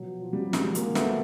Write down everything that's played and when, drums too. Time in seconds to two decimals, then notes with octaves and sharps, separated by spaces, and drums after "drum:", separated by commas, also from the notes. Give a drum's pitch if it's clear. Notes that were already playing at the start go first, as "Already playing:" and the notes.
Already playing: B2 F3 F#3
0.22 F3
0.33 G3
0.53 D#3 F#3 G#3, drum: snare
0.75 G#3 A#3, drum: hi-hat
0.84 D#3
0.95 A3 B3, drum: snare